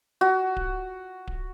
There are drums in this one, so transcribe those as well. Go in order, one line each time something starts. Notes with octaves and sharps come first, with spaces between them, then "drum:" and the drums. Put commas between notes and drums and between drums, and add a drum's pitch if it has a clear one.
F#4
drum: kick D1
drum: kick D1